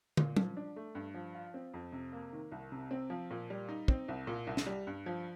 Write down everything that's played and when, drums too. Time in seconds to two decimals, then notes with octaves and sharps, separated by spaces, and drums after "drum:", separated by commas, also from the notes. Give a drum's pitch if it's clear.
0.17 A#2, drum: tom
0.36 F3, drum: tom F#3
0.57 D4
0.76 A3
0.95 G2
1.14 F3
1.35 F4
1.54 C4
1.74 F2
1.93 C3
2.12 A#3
2.33 D#3
2.52 C2
2.72 C3
2.91 C4
3.10 F3
3.31 A#2
3.50 G3
3.69 D#4
3.88 C4, drum: kick
4.08 C2
4.27 A#2
4.47 C2
4.57 drum: snare
4.66 G3
4.87 G2
5.06 F3